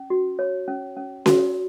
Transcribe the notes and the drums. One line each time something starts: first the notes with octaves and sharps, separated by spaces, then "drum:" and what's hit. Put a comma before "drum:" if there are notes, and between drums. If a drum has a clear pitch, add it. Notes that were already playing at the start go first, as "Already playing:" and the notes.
Already playing: C#4
F#4
C#5
C#4
C#4
F#4, drum: snare C#4